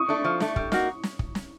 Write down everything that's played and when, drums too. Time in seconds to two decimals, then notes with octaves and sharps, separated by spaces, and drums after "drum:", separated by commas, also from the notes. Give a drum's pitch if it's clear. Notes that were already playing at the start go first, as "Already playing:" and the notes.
Already playing: C#6 D#6
0.09 A3 D4
0.24 F3
0.40 A3 D4, drum: snare
0.56 G3, drum: kick
0.72 A#3 D#4 F#4, drum: snare
1.03 drum: snare
1.19 drum: kick
1.35 drum: snare